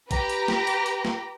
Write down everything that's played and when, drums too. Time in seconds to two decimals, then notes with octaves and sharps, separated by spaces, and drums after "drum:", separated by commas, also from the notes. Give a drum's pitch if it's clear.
0.11 G4 B4 A#5, drum: kick A#1, hi-hat
0.29 drum: hi-hat
0.48 drum: snare
0.67 drum: hi-hat
0.86 drum: hi-hat
1.05 drum: snare